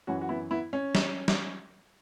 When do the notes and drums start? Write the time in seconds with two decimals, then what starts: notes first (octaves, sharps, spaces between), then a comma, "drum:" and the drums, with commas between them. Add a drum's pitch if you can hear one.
0.07 F#2 E3 C#4 F#4
0.21 F#4
0.29 B3 E4
0.51 B3 E4
0.73 C#4
0.95 drum: snare
1.28 drum: snare